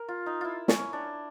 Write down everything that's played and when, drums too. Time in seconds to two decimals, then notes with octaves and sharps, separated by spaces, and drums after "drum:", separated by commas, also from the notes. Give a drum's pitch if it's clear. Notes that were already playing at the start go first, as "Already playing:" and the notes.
Already playing: A#4
0.08 F4
0.26 D#4
0.41 E4 F4
0.68 C#4, drum: snare
0.80 C#4
0.93 D4